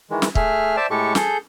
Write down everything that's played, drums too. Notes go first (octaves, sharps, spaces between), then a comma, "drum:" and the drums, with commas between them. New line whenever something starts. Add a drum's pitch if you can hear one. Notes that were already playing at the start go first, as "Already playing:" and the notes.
D#3 E3 G#3
drum: snare
A3 G#4 E5 F6, drum: kick
C5 D5 E5 G5 A5
A2 G#3 G4 A4 C#6
G#4 A4 G6, drum: snare